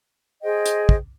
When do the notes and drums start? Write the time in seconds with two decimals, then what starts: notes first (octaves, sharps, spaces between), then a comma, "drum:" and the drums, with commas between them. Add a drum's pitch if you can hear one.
0.42 G#4 C5 D#5 G5
0.66 drum: hi-hat
0.89 drum: kick